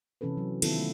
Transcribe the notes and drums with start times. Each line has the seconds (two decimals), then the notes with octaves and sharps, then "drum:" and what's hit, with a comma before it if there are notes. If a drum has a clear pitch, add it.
0.21 C3 E3 C#4 A4 B4
0.37 F#3
0.62 D#3 B3 C4 E4 F4 A4, drum: cymbal
0.78 A3